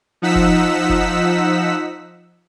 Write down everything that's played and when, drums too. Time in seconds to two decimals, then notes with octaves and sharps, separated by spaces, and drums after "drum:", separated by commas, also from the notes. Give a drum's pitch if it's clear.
0.22 F3 D#4 F#5 E6 B6
0.35 drum: kick
0.89 drum: kick